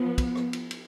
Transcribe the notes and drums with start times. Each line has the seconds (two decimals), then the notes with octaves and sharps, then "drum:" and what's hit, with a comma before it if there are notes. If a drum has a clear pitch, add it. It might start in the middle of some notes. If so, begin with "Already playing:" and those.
Already playing: F3 B3
0.18 drum: kick, cymbal
0.35 drum: rim click
0.53 drum: cymbal
0.71 drum: cymbal